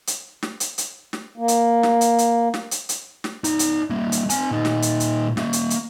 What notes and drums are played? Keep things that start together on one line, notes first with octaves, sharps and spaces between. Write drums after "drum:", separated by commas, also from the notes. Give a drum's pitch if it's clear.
drum: hi-hat
drum: snare
drum: hi-hat
drum: hi-hat
drum: snare
A#3
drum: hi-hat
drum: snare
drum: hi-hat
drum: hi-hat
drum: snare
drum: hi-hat
drum: hi-hat
drum: snare
D#4 D5, drum: hi-hat
drum: hi-hat
G3 A#3
drum: hi-hat
C4 G#5, drum: hi-hat
A#2 D#4
drum: snare
drum: hi-hat
drum: hi-hat
A#3 E5, drum: snare
drum: hi-hat
drum: hi-hat